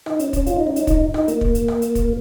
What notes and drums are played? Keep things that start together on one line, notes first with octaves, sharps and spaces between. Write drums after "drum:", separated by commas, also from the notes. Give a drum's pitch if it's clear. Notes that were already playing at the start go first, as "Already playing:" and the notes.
D#4, drum: rim click
C#4, drum: hi-hat
C#4, drum: kick, hi-hat
F4, drum: hi-hat
D#4
C#4
D#4, drum: hi-hat
D#4, drum: kick, hi-hat
D#4, drum: rim click
A#3, drum: hi-hat
drum: kick
drum: hi-hat
drum: rim click
drum: hi-hat
drum: kick, hi-hat